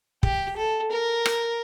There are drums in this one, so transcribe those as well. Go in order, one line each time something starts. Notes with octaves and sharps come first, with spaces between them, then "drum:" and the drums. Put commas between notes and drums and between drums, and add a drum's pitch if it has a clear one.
G4, drum: kick
A4
A#4
drum: rim click